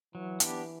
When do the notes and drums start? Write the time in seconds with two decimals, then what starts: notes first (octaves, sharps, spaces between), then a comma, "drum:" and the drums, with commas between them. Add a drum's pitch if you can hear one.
0.15 E3 F#3
0.40 B3 D4 G4, drum: hi-hat